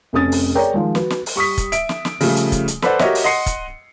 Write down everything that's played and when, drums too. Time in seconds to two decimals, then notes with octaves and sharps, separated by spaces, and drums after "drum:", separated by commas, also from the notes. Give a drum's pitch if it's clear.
0.13 F1 F2 C#4 D#6 A6
0.32 drum: open hi-hat
0.55 G#4 A#4 C#5 D5 G5 A#5
0.74 D#3 F3 G#3
0.95 F#4 B4, drum: snare
1.10 drum: snare
1.26 drum: open hi-hat
1.36 G3 C#6 D#6 B6
1.58 drum: kick, hi-hat
1.72 E5 D7, drum: hi-hat
1.89 drum: snare
2.05 drum: snare
2.21 C#3 F3 G3 A3, drum: open hi-hat
2.36 drum: hi-hat
2.52 drum: kick, hi-hat
2.68 drum: hi-hat
2.82 A4 B4 C5 D5 F#5, drum: snare
2.99 F#4 G4 A#4 C#5 D#5 E5, drum: snare
3.15 drum: open hi-hat
3.24 D#5 F#5 C6 C7 C#7
3.46 drum: kick, hi-hat